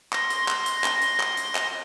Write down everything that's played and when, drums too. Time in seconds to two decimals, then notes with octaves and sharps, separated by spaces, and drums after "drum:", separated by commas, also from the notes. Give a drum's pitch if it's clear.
0.13 C6 A#6, drum: clap
0.30 drum: hi-hat
0.48 drum: clap
0.66 drum: hi-hat
0.84 drum: clap
1.02 drum: hi-hat
1.19 drum: clap
1.37 drum: hi-hat
1.55 drum: clap